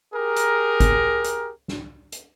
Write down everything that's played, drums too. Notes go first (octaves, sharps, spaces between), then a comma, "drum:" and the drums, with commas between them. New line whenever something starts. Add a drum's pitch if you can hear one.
G4 G#4 A#4
drum: hi-hat
drum: kick G1, hi-hat
drum: hi-hat
drum: snare
drum: hi-hat